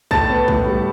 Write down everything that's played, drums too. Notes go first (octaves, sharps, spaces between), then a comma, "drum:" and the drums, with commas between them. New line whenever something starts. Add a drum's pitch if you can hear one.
A2 A5 A6, drum: kick B1
B3
A2, drum: kick B1
G3